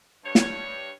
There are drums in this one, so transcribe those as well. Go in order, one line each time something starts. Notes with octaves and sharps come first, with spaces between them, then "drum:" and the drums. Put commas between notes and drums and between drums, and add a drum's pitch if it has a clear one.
G2 C#5
drum: snare